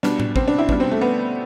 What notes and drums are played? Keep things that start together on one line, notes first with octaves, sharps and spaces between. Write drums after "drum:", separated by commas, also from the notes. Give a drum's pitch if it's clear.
B2 G3 D4, drum: snare
drum: tom A2
C4, drum: kick
D4
E4
B2 G3 D4, drum: kick
C4
A3
B3